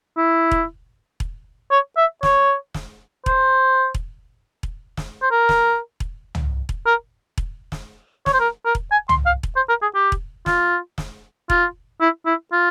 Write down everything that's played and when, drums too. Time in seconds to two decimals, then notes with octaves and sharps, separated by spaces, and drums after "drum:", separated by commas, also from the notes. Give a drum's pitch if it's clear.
0.17 E4
0.51 drum: kick E1
1.20 drum: kick E1
1.71 C#5
1.97 E5
2.23 C#5, drum: snare
2.74 drum: snare
3.26 C5, drum: kick E1
3.94 drum: kick E1
4.63 drum: kick E1
4.97 drum: snare
5.22 C5
5.31 A#4
5.49 drum: snare
6.00 drum: kick E1
6.35 drum: tom
6.69 drum: kick E1
6.86 A#4
7.38 drum: kick E1
7.72 drum: snare
8.26 C#5, drum: snare
8.34 C5
8.40 A#4
8.66 A#4
8.75 drum: kick E1
8.92 G#5
9.09 C6, drum: tom
9.26 F5
9.43 drum: kick E1
9.56 C5
9.69 A#4
9.82 G#4
9.95 G4
10.12 drum: kick E1
10.46 F4, drum: snare
10.98 drum: snare
11.50 F4, drum: kick E1
12.01 E4
12.26 E4
12.52 F4